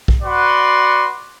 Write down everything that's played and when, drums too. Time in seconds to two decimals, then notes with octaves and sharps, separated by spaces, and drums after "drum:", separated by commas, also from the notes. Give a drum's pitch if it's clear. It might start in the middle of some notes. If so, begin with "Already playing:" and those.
0.08 drum: kick A#1
0.23 F#4 B4 D5 F#5 C6